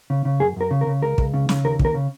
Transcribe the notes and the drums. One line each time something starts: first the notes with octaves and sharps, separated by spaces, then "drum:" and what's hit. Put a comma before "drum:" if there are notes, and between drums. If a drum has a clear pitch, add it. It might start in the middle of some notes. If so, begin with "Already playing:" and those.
C#3
C#3
F#2 G#4
F#2 A#4
C#3
A#4
C#3
C#2 A#4
C#2, drum: kick
C#3
C#3, drum: snare
D#2 A#4
D#2, drum: kick
A#4
C#3